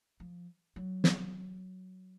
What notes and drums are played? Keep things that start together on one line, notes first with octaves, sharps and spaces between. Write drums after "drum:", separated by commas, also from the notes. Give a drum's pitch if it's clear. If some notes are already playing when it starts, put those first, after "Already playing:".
F3
F#3
drum: snare